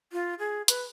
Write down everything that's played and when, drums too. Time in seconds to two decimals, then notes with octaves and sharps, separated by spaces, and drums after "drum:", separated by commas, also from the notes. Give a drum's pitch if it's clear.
0.13 F4
0.39 G#4
0.68 B4, drum: hi-hat